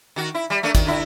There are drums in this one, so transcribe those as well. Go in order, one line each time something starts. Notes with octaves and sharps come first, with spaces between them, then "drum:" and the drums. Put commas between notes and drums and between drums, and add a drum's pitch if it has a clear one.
D#3 F#4
E4
G3
A3 A#3 D4
D#3, drum: kick, hi-hat
D3 E4